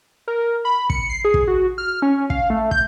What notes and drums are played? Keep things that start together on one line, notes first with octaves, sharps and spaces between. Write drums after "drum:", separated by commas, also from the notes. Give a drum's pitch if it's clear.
A#4
B5
C#7, drum: kick
C7
G#4
drum: kick
F#4
F6
C#4
F5, drum: kick
A3
G6, drum: kick